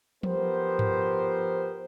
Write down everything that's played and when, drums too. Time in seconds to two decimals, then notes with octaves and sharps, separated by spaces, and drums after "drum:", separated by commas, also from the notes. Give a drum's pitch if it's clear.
0.23 F3 B3 G4 A#4 C5, drum: tom F3
0.79 drum: tom G2